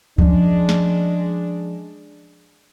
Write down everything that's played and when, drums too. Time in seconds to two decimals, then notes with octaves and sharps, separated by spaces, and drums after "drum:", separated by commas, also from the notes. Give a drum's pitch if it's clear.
0.18 F3 G#3 C#4 D4, drum: kick C#2
0.69 drum: snare